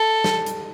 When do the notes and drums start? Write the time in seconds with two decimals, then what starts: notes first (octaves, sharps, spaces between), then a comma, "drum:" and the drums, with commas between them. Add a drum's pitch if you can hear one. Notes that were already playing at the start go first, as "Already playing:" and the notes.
Already playing: A4
0.24 drum: snare
0.46 drum: hi-hat